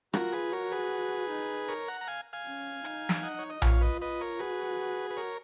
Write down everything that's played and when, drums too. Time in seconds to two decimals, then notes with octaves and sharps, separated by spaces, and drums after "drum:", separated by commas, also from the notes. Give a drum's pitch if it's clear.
0.14 F4 F#4 A#4, drum: rim click
0.32 G#4 B4
0.52 F#4 A#4 C#5
0.72 G#4 B4
1.30 D#4
1.68 A#4 C#5
1.88 F#5 A#5
2.01 A#5
2.07 F5 G#5
2.33 F5 G#5
2.46 C#4
2.84 D#4, drum: hi-hat
3.09 drum: snare
3.23 D#5 F#5
3.39 C#5
3.50 D#5
3.62 F4 C#5 F5, drum: tom A#1
3.81 B4 D#5
4.02 B4 D#5
4.21 A#4 C#5
4.39 F#4 G#4 B4
5.11 B4
5.17 A#4 C#5